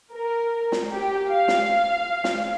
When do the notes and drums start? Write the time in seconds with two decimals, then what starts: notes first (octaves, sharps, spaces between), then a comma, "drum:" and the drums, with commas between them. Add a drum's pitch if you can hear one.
0.14 A#4
0.72 drum: snare
0.92 G4
1.29 F5
1.48 drum: snare
2.24 drum: snare